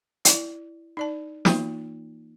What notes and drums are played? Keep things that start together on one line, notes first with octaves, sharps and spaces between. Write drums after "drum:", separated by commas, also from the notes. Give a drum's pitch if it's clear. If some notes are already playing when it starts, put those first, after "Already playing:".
E4 D5, drum: hi-hat
D#4 D5 A5
E3 A#3 D#4 F4, drum: snare